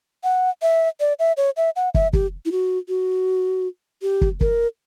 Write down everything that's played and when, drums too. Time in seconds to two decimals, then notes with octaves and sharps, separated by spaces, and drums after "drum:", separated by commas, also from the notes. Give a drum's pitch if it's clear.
0.24 F#5
0.62 E5
1.00 D5
1.19 E5
1.37 C#5
1.57 E5
1.76 F#5
1.94 E5, drum: kick
2.13 G4, drum: kick
2.45 E4
2.52 F#4
2.88 F#4
4.02 G4
4.21 drum: kick
4.41 A#4, drum: kick